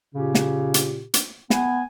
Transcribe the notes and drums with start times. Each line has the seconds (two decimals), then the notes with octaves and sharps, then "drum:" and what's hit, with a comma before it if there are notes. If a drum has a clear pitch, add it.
0.15 A#2 C#3 C#4 G4
0.35 drum: snare
0.74 drum: hi-hat
1.14 drum: hi-hat
1.50 B3 G#5, drum: snare